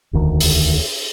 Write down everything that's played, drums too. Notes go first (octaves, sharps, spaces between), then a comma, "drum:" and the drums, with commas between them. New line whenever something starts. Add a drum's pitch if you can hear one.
E1 D2 D#3
drum: open hi-hat